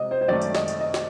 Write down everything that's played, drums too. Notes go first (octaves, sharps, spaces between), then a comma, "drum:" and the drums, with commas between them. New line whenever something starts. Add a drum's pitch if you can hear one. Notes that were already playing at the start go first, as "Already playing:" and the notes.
Already playing: C3 D#5
C5
C5
F#2 D#3 A3 D5
drum: tambourine
D#5, drum: snare
drum: tambourine
D#5
drum: snare